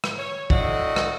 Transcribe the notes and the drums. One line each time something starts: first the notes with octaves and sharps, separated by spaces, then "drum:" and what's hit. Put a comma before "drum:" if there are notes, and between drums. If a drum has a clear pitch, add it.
drum: rim click
C#5
A2 D3 F#4 D#5, drum: kick
drum: rim click